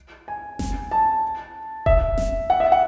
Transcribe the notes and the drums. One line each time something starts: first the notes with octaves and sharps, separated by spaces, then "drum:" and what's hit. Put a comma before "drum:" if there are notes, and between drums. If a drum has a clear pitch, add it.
G#5
drum: snare F#1
A5
E5, drum: kick D#1
drum: snare F#1
F#5
E5
F#5